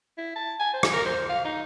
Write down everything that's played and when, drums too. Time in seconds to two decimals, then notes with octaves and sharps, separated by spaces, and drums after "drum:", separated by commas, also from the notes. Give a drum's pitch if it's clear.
0.18 E4
0.36 A5
0.60 G#5
0.74 C5
0.83 drum: rim click
0.93 A#4
1.06 C5
1.29 F5
1.45 D#4